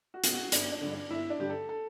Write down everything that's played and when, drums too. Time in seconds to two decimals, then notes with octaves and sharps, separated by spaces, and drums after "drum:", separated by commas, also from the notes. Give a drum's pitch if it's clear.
0.14 F#4
0.24 B2, drum: hi-hat
0.33 F#4
0.52 G1 D4, drum: hi-hat
0.72 D4
0.81 G2 D3
0.92 D4
1.10 G1 E4
1.30 D4
1.39 G2 D3 G4
1.50 A4
1.69 A4